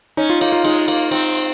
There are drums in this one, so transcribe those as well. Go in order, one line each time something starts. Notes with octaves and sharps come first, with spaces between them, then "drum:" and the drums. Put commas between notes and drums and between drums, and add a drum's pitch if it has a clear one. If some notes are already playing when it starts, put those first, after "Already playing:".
C#4 D#4
F4
A#3 D#4, drum: cymbal
F4
G#3 D#4, drum: cymbal
A#3, drum: cymbal
C4 D#4, drum: cymbal
drum: cymbal